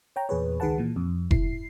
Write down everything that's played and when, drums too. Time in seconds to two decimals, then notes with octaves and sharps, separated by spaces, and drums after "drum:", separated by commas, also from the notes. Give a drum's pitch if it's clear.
0.16 C#5 G5 A#5
0.29 E2 A#2 G#4 B4 C#5
0.60 C#2 D#3 G#4 B4 F#5 A5
0.78 A#2 E3
0.96 F2
1.31 E4 C7, drum: kick F1